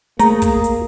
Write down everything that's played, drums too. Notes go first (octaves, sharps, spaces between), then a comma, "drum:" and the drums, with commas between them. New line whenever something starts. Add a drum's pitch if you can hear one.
A3 A#3 G#4 A#5, drum: hi-hat
drum: kick, hi-hat
drum: hi-hat